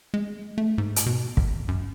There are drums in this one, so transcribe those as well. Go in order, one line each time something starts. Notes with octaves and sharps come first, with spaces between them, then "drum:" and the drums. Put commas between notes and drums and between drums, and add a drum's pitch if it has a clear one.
G#3
A3
G#2
drum: hi-hat
B2
G#1, drum: kick
F#2